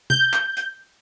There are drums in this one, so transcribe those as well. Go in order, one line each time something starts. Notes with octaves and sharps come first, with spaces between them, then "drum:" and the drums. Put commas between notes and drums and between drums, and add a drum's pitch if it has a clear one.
G6, drum: tom
drum: clap
drum: hi-hat